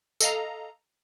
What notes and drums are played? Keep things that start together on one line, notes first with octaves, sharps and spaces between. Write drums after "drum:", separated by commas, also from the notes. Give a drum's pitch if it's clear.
A4 D#5 F5 A#5, drum: tambourine